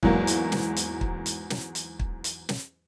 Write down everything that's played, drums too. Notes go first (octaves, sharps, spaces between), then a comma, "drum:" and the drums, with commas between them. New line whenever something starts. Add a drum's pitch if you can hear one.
E2 G#2 F#3 A#3, drum: kick
drum: hi-hat
drum: snare
drum: hi-hat
drum: kick
drum: hi-hat
drum: snare
drum: hi-hat
drum: kick
drum: hi-hat
drum: snare